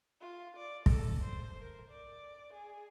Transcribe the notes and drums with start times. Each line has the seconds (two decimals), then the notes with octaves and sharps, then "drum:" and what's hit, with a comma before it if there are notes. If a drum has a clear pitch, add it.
0.21 F4
0.57 D5
0.86 A4, drum: kick
1.24 C5
1.61 A#4
1.90 D5
2.54 G#4